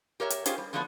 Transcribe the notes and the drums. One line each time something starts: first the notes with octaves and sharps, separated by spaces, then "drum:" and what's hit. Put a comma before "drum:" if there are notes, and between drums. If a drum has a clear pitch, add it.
G4 A#4 C#5 E5
drum: hi-hat
C#4 D#4 F4 G4 G#4 C5, drum: hi-hat
G3
D3 F3 F#3 A3 B3 D4